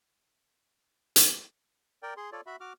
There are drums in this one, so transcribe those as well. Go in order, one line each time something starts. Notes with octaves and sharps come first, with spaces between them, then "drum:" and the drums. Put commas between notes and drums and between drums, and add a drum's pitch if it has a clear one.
drum: hi-hat
A#4 D5 G5
G#4 C6
F4 A4 C#5 D5
F#4 E5 B5
F#4 D6 F6